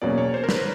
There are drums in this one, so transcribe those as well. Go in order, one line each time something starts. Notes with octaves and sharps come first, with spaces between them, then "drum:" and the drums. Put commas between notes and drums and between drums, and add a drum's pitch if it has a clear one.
E2 B2 F#3 A#3 C#4 D5
C#5
C5
A#4
B4, drum: snare